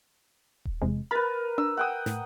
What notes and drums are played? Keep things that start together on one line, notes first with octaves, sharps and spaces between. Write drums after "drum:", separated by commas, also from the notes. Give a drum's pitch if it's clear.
drum: kick D#1
E2 C3 G#3
A#4 B4 B5 A6
D4 E6
F#5 G5 D#6
A2, drum: snare